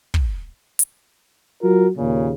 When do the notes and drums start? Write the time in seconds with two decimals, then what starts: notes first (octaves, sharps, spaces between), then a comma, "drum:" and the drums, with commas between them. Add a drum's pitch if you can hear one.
0.14 drum: kick
0.79 drum: hi-hat
1.63 F#3 F4 F#4 A#4
1.98 D#2 A#2 C#3